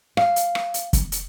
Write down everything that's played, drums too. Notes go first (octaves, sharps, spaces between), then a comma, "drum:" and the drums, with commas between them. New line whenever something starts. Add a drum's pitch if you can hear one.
F5, drum: rim click
drum: hi-hat
drum: rim click
drum: hi-hat
drum: kick, hi-hat
drum: hi-hat